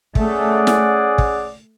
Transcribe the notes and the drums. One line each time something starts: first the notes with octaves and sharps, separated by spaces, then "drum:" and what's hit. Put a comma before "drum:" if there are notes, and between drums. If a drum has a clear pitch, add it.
A3 C#4 G#4 D5 F#5, drum: kick
drum: snare
drum: kick